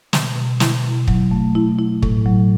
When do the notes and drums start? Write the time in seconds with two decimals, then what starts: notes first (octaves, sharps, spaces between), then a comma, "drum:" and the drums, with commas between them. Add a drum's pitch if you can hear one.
0.13 B2, drum: snare
0.36 B2
0.60 E4, drum: snare
0.84 B2
1.08 F#3, drum: kick
1.31 A3
1.55 E4
1.79 E4
2.03 A2, drum: kick
2.26 F#3